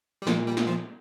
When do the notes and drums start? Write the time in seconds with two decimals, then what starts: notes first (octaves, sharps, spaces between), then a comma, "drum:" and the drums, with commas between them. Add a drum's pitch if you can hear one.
0.22 G3
0.27 A#2 F3, drum: snare
0.46 G3
0.57 drum: snare
0.67 F3